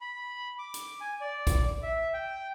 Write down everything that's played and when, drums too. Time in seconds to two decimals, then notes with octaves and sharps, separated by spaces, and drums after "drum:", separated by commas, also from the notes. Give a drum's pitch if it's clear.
0.01 B5
0.59 D6
0.74 drum: hi-hat
1.01 G#5
1.21 D5
1.47 drum: kick, hi-hat
1.83 E5
2.13 G5